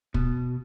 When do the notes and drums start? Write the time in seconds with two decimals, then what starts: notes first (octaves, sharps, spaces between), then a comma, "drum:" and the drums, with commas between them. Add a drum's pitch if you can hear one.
0.14 B2, drum: kick